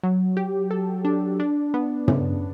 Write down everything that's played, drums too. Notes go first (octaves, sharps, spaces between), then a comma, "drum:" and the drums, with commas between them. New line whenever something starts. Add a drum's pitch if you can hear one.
F#3
G4
A4
D4
D4
B3
C#3, drum: tom